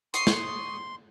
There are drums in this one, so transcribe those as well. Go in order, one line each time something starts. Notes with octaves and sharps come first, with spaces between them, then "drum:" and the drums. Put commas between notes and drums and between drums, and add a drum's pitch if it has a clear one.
C6 C#6 D#6 C7, drum: hi-hat
drum: snare